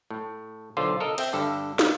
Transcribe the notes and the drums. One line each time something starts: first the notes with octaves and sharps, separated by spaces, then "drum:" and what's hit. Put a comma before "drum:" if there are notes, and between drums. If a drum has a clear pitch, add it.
A2
B1 D3 F4 C5
A4 A#4 D#5
C4 E5 G5, drum: cymbal
G2 D3 A4
F5, drum: snare